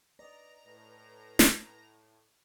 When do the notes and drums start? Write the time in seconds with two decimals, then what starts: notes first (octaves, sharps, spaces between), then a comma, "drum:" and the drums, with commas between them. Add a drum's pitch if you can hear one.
0.19 B4 D5 D#5 A#5
0.65 A2
1.39 drum: snare